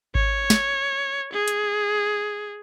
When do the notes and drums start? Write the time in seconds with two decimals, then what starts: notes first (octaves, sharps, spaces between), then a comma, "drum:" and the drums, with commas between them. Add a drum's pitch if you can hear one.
0.15 C#5, drum: kick G#1
0.50 drum: snare
1.33 G#4
1.48 drum: hi-hat